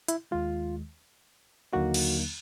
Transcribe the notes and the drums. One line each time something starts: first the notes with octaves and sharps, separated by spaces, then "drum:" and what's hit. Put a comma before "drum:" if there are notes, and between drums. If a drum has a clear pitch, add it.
E4, drum: hi-hat
D#2 D#3 G#3 F4
D#2 D3 F#3 A#3 D#4 F#4
drum: cymbal